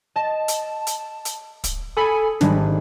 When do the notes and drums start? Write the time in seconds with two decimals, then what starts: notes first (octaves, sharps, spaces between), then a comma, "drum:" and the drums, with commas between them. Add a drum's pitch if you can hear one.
0.16 D#5 A5
0.48 drum: hi-hat
0.87 drum: hi-hat
1.25 drum: hi-hat
1.64 drum: kick, hi-hat
1.97 A4 G#5 B5 D#6 C#7
2.41 G#1 G3 G#3 D4, drum: snare